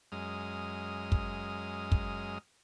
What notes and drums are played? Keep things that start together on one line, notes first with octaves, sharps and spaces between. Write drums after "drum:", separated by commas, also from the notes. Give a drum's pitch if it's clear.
F#2 G#3 D#6 F6
drum: kick
drum: kick